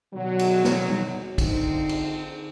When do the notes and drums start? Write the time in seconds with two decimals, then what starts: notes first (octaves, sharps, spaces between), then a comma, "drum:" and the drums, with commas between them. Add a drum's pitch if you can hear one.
0.14 B2 D3 D#3 F#3
0.39 drum: cymbal
0.64 drum: snare
0.89 drum: tom G3
1.38 D3 F3 C4 D#4, drum: kick, cymbal
1.89 drum: cymbal